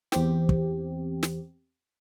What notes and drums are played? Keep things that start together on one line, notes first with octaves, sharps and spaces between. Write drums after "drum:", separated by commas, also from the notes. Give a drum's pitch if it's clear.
E2 C4 G4, drum: snare
drum: kick
drum: snare